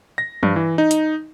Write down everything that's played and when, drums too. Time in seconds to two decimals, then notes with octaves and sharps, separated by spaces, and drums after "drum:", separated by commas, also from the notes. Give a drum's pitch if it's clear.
0.18 A#6
0.43 G2, drum: tom E3
0.56 E3
0.78 D#4
0.91 drum: hi-hat